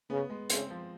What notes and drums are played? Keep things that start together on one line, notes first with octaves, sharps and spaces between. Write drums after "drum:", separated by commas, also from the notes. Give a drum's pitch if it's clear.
C#3 B3
G#3
C#3 C4, drum: hi-hat
F3